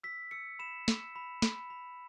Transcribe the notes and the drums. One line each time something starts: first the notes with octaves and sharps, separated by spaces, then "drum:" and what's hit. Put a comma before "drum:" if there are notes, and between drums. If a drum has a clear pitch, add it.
E6 B6
E6 C#7
B5 E7
E6, drum: snare
B5
B5, drum: snare
B5